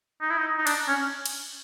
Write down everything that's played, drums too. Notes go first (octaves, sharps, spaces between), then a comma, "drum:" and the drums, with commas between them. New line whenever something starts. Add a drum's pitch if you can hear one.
D#4
E4
D#4
D#4
D4, drum: cymbal
C#4
drum: cymbal